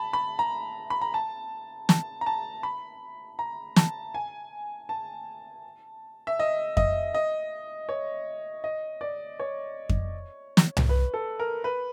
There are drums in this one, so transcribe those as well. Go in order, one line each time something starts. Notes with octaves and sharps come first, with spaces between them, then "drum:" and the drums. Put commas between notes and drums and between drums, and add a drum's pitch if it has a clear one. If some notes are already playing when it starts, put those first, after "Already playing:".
Already playing: A5 B5
B5
A#5
B5
A#5
A5
A5, drum: snare
A#5
A5
B5
A#5
A5, drum: snare
G#5
A5
E5
D#5
D#5, drum: kick F2
D#5
C#5
D#5
D5
C#5
drum: kick F2
drum: snare
drum: tom C2
B4
A4
A#4
B4